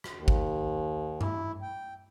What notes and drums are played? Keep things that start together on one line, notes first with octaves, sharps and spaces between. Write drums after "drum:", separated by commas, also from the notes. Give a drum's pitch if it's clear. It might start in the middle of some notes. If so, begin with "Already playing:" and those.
drum: rim click
D#2
drum: kick
E4, drum: tom G2
G5